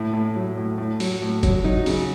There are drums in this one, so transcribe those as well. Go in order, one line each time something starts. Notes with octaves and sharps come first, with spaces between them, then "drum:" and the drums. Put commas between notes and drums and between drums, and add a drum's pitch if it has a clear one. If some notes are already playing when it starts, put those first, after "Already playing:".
Already playing: A2 E4
A2
F#3
A2
A2
F#3, drum: open hi-hat
A2
F#3, drum: kick, hi-hat
F#3 D#4
C#3, drum: open hi-hat